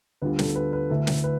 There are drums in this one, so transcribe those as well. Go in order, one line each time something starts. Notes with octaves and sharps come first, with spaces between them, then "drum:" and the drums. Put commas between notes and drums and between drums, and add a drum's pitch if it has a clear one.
D2 D3 G3 B3 F4 B4
A4, drum: snare
B4
B4
D2 D3 A3 E4 A4
drum: snare
B4